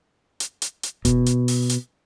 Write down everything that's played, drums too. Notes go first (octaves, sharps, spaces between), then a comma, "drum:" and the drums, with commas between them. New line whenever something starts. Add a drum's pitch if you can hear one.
drum: hi-hat
drum: hi-hat
drum: hi-hat
B2, drum: kick F1, hi-hat
drum: hi-hat
drum: open hi-hat
drum: hi-hat